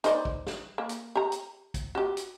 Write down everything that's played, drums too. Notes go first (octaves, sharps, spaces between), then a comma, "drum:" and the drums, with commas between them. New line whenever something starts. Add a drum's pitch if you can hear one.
D#4 C5 D5, drum: hi-hat
drum: kick
drum: snare
A#3
drum: hi-hat
G4 A#5
drum: hi-hat
drum: kick, hi-hat
F#4 G4
drum: hi-hat